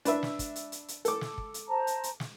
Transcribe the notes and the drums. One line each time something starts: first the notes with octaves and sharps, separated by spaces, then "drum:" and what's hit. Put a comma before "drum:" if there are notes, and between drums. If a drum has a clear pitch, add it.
D4 B4 E5, drum: hi-hat
drum: snare
drum: kick, hi-hat
drum: hi-hat
drum: hi-hat
drum: hi-hat
A4 D6, drum: hi-hat
drum: snare
drum: kick
drum: hi-hat
C5 A5 A#5
drum: hi-hat
drum: hi-hat
drum: snare